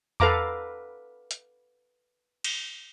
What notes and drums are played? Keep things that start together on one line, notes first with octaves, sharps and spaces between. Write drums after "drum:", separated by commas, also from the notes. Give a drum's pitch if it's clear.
A4 B4 F5 A#5 D6, drum: tom E2
drum: hi-hat
drum: cymbal